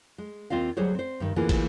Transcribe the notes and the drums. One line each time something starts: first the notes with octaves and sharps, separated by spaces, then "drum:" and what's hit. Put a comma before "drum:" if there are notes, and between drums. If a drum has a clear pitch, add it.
G#3
D#2 C4 F4 D#5 F5
D2 F#3 G3 G#4 C5 C#5
C4 C5
G2 D#3
D2 C3 E3 A#3 F4 G#4
drum: kick, cymbal